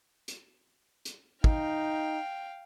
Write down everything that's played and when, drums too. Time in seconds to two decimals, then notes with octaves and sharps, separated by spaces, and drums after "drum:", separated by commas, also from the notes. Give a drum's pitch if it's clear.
0.28 drum: hi-hat
1.05 drum: hi-hat
1.44 D#4 F5 G5, drum: kick